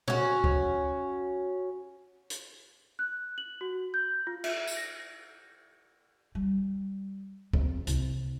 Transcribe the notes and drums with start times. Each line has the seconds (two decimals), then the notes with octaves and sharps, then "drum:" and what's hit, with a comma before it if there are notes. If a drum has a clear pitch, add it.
0.08 C#4 F#4, drum: tom A#2
0.44 drum: kick
2.30 drum: hi-hat
2.99 F#6
3.38 F#7
3.61 F#4
3.94 G6
4.27 F4
4.44 E5, drum: cymbal
4.67 drum: tambourine
4.77 A#6
6.35 G3
7.53 C4, drum: kick
7.87 C2, drum: hi-hat